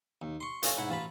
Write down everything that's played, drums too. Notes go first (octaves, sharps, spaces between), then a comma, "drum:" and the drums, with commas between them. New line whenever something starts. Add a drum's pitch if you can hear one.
D#2
C6 C#6
A3 C#4 F4, drum: hi-hat
G#2 E4 F#5
A1 F4 A5 B5